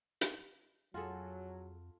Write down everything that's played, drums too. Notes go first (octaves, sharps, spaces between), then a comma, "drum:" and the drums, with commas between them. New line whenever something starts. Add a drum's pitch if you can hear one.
drum: hi-hat
F2 F#3 F4 F#4 G#4 A4